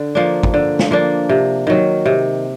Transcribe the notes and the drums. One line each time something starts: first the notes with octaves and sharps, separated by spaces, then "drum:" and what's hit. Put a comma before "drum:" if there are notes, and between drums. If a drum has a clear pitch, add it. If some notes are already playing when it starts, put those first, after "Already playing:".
Already playing: D3
F3 A#3 D4
drum: kick
D3
drum: snare
F3 A#3 D4
C3
D#3 F#3
C3